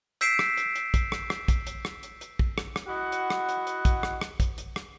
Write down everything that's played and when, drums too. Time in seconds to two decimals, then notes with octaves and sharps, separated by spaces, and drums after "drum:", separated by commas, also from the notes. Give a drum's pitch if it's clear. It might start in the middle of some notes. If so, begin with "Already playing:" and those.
0.21 E6 G6 B6 C7 D7 E7, drum: hi-hat
0.39 drum: rim click
0.57 drum: hi-hat
0.76 drum: hi-hat
0.94 drum: kick, hi-hat
1.12 drum: rim click
1.30 drum: rim click
1.48 drum: kick, hi-hat
1.67 drum: hi-hat
1.85 drum: rim click
2.03 drum: hi-hat
2.21 drum: hi-hat
2.39 drum: kick
2.58 drum: rim click
2.76 drum: rim click
2.88 E4 F#4 D#5 F#5
3.12 drum: hi-hat
3.30 drum: rim click
3.49 drum: hi-hat
3.67 drum: hi-hat
3.85 drum: kick, hi-hat
4.03 drum: rim click
4.21 drum: rim click
4.40 drum: kick, hi-hat
4.58 drum: hi-hat
4.76 drum: rim click